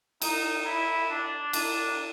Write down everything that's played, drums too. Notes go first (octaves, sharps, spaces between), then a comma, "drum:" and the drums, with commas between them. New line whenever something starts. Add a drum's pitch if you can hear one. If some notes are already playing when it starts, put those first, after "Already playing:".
D#4, drum: cymbal
E4
D4
D4, drum: cymbal